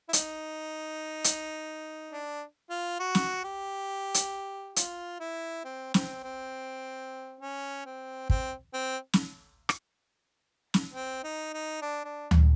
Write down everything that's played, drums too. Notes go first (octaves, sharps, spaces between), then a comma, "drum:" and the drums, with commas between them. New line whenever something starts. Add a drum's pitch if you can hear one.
E4
D#4, drum: hi-hat
drum: hi-hat
D4
F4
F#4
drum: snare
G4
drum: hi-hat
F4, drum: hi-hat
E4
C4
C4, drum: snare
C4
C#4
C4
C4, drum: kick
C4
drum: snare
drum: rim click
drum: snare
C4
D#4
D#4
D4
D4
drum: tom D2